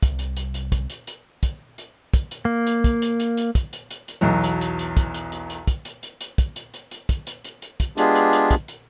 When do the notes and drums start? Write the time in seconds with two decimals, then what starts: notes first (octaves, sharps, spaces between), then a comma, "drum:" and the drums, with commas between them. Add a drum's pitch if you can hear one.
0.03 C2, drum: kick, hi-hat
0.19 drum: hi-hat
0.37 drum: hi-hat
0.54 drum: hi-hat
0.72 drum: kick, hi-hat
0.90 drum: hi-hat
1.07 drum: hi-hat
1.43 drum: kick, hi-hat
1.78 drum: hi-hat
2.14 drum: kick, hi-hat
2.31 drum: hi-hat
2.45 A#3
2.67 drum: hi-hat
2.84 drum: kick, hi-hat
3.02 drum: hi-hat
3.20 drum: hi-hat
3.37 drum: hi-hat
3.55 drum: kick, hi-hat
3.73 drum: hi-hat
3.90 drum: hi-hat
4.08 drum: hi-hat
4.21 B1 E2 F#3
4.44 drum: hi-hat
4.61 drum: hi-hat
4.79 drum: hi-hat
4.97 drum: kick, hi-hat
5.14 drum: hi-hat
5.32 drum: hi-hat
5.50 drum: hi-hat
5.67 drum: kick, hi-hat
5.85 drum: hi-hat
6.03 drum: hi-hat
6.21 drum: hi-hat
6.38 drum: kick, hi-hat
6.56 drum: hi-hat
6.74 drum: hi-hat
6.91 drum: hi-hat
7.09 drum: kick, hi-hat
7.27 drum: hi-hat
7.44 drum: hi-hat
7.62 drum: hi-hat
7.80 drum: kick, hi-hat
7.98 G#3 B3 D4 F4 G4 G#4, drum: hi-hat
8.15 drum: hi-hat
8.33 drum: hi-hat
8.51 drum: kick, hi-hat
8.68 drum: hi-hat